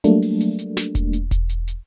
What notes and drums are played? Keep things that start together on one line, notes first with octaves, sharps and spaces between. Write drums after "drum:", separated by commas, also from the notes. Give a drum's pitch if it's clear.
F#3 G3 A3 A#3 D4, drum: hi-hat
drum: open hi-hat
drum: hi-hat
drum: hi-hat
drum: snare
drum: kick E1, hi-hat
drum: hi-hat
drum: kick E1, hi-hat
drum: hi-hat
drum: hi-hat